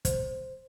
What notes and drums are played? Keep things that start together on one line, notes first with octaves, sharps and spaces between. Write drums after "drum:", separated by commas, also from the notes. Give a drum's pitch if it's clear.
C5, drum: kick, hi-hat